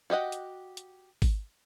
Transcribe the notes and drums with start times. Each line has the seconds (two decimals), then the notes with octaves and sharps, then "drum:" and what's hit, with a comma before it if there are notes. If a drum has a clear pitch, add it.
0.10 F#4 G4 D#5 F#5
0.32 drum: hi-hat
0.77 drum: hi-hat
1.22 drum: kick G#1, open hi-hat